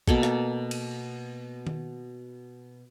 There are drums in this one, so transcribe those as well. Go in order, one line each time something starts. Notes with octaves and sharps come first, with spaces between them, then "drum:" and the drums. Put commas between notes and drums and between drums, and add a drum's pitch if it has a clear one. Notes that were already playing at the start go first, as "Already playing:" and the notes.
B2 A#3 A4, drum: kick
drum: rim click
drum: cymbal
drum: tom D#3